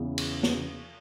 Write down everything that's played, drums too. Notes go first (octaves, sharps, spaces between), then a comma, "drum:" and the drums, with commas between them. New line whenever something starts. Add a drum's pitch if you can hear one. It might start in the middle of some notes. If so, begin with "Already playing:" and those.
Already playing: E2 C#3 E3 B3
drum: cymbal
drum: snare